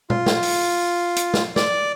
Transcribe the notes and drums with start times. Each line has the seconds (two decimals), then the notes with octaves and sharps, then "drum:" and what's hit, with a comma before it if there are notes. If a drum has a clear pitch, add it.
0.10 F4, drum: tom A#2
0.26 drum: snare
0.43 drum: open hi-hat
1.16 drum: hi-hat
1.34 drum: snare
1.56 D5, drum: snare